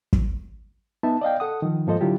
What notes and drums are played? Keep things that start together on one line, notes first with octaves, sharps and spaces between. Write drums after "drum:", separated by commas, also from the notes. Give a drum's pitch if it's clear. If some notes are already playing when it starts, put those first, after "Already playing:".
drum: kick
B3 D#4 E5 A5
D5 D#5 F5 G5
A4 F#5 D#6
D#3 F3
G#2 F3 A#3 A4 C5 D#5
D3 F#3 E4 F4 G4